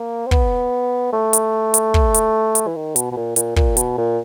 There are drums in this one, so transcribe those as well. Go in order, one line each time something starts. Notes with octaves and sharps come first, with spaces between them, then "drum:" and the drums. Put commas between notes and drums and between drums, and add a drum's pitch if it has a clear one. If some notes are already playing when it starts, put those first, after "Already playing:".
Already playing: A#3
C4
B3, drum: kick
A3
drum: hi-hat
drum: hi-hat
drum: kick
drum: hi-hat
drum: hi-hat
E3
D#3
B2, drum: hi-hat
B2
A#2
A#2, drum: hi-hat
A#2, drum: kick
B2, drum: hi-hat
A#2